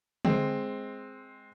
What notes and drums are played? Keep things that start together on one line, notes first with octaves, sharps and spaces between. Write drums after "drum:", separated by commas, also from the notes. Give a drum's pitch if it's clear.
G#3 C4, drum: tom D3